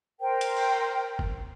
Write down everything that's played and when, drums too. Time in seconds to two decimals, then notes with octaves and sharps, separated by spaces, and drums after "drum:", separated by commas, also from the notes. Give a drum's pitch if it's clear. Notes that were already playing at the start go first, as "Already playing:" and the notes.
0.20 A#4 C5 G5
0.41 drum: hi-hat
0.57 drum: cymbal
1.19 drum: kick F#1